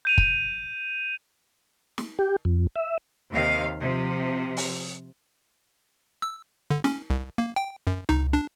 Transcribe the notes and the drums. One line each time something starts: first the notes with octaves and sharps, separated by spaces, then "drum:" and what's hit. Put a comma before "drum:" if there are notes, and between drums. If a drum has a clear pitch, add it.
G6 D#7 F7
drum: kick
drum: snare
G4
F2
E5
D#2 C3 D#3 F5
C3 F3
drum: open hi-hat
E6
D3
C#4, drum: snare
C2
A#3
G5
F#2
D#4, drum: tom C#2
D4